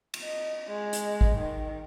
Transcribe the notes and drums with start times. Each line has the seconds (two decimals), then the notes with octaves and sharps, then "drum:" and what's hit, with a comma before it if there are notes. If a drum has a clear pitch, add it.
0.14 drum: cymbal
0.23 D#5
0.67 G#3
0.93 drum: hi-hat
1.21 drum: kick G#1
1.38 D#3